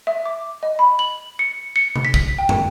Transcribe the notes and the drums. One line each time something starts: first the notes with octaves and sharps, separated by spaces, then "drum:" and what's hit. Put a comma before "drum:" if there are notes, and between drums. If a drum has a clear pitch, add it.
E5
D6
D#5
B5
F#7
C#7
C#7
drum: tom C3
B6
drum: kick
G5
drum: tom